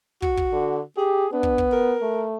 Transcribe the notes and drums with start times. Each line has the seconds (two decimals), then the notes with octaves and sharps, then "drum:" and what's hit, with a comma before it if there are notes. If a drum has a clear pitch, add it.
0.22 F#4, drum: kick
0.37 drum: kick
0.52 D3
0.97 G4 G#4
1.33 B3 D4
1.43 drum: kick
1.58 drum: kick
1.72 A#4
2.02 A3